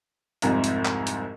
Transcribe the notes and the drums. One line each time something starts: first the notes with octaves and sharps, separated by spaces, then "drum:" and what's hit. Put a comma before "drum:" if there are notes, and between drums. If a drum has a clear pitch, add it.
C2 F2 G#2 C3, drum: hi-hat
drum: hi-hat
drum: clap
drum: hi-hat